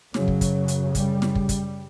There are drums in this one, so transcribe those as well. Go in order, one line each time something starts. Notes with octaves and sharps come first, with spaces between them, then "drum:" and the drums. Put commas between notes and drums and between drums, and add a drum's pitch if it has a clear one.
F#2 C#3 F#3, drum: snare
drum: kick
drum: kick, hi-hat
drum: hi-hat
G3, drum: kick, hi-hat
drum: snare
drum: kick
drum: kick, hi-hat